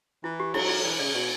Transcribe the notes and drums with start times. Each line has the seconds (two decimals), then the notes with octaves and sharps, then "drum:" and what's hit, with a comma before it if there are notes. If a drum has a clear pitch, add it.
0.24 E3 E4
0.40 G4
0.54 F#3 E4, drum: cymbal
0.69 E4
0.85 E3 D5
0.99 C#3 D5
1.15 B2 D5